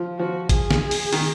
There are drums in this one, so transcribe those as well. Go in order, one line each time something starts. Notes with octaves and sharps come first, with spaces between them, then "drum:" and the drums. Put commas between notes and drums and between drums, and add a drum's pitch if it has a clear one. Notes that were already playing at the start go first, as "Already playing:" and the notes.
Already playing: F3
F3 F#4
G#4, drum: kick, hi-hat
drum: snare
drum: open hi-hat
D#3, drum: open hi-hat